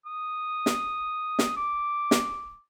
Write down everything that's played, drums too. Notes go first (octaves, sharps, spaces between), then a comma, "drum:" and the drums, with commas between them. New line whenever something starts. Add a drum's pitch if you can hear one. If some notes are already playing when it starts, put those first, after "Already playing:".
D#6
drum: snare
drum: snare
D6
drum: snare